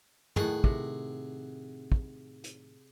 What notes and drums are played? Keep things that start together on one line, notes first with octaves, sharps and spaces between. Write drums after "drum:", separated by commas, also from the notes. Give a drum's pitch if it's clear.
A2 D#3 G#4 F#5, drum: tom
C3, drum: kick
drum: kick
drum: hi-hat